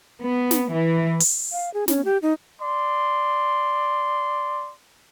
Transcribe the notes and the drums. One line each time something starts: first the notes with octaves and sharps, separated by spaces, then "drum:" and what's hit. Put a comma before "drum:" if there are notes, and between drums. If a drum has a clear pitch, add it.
B3
drum: snare
E3
drum: open hi-hat
F5
G#4
C#4, drum: snare
G4
D#4
D5 C6